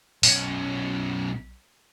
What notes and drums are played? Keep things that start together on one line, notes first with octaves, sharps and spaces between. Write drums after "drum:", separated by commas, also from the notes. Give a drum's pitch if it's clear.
B1 C#4, drum: open hi-hat